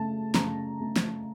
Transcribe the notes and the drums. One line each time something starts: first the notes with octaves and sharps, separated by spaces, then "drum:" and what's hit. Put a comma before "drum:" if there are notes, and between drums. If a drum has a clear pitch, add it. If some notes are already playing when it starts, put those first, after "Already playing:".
Already playing: C#3 A3 A5
C#3 A#5, drum: snare
A3
drum: snare